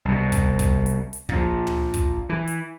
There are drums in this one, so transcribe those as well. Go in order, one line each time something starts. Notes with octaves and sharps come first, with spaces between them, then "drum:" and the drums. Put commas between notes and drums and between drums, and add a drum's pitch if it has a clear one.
C2 B2
drum: kick, hi-hat
drum: kick, hi-hat
drum: hi-hat
drum: hi-hat
A#2 F3, drum: kick
drum: tom
drum: kick, hi-hat
E3
drum: hi-hat